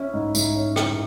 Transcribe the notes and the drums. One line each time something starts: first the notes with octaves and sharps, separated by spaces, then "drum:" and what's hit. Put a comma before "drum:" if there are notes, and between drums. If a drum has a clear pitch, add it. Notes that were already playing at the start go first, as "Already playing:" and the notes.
Already playing: C#4 E4
G#2
G#2, drum: tambourine
C#4
E4, drum: rim click